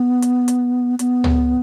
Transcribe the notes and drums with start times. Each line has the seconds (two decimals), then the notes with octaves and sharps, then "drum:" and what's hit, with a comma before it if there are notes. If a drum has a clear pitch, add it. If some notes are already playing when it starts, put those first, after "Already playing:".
Already playing: B3
0.22 drum: hi-hat
0.48 drum: hi-hat
0.99 B3, drum: hi-hat
1.24 drum: tom